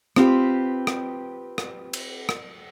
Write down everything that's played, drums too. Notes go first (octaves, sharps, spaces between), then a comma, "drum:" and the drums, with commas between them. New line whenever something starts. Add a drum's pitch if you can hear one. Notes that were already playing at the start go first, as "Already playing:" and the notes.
C4 F4 G4 B4, drum: rim click
drum: rim click
drum: rim click
drum: cymbal
drum: rim click